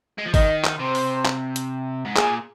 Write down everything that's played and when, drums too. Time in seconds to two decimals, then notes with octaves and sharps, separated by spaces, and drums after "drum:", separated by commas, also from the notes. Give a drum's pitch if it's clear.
0.18 G#3
0.26 F3
0.34 D#3 D#5, drum: kick, open hi-hat
0.64 drum: clap
0.79 C3 C5
0.95 drum: open hi-hat
1.25 drum: clap
1.56 drum: hi-hat
2.05 G#2
2.16 A#2 G#4, drum: clap